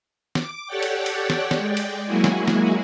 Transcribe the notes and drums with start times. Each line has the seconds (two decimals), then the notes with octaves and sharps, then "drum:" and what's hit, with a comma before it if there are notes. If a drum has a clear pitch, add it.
0.35 D6, drum: snare
0.67 G4 A4 C#5 D5 F#5 G5
0.83 drum: cymbal
1.06 drum: cymbal
1.30 drum: snare
1.51 G#3 D5 G5, drum: snare
1.77 drum: cymbal
2.05 F#3 G#3 A#3 E4 F#4 G#4
2.24 drum: snare
2.48 drum: snare